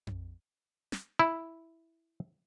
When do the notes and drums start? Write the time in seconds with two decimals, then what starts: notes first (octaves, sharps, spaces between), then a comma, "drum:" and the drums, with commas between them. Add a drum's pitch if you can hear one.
0.07 drum: tom F2
0.92 drum: snare
1.19 E4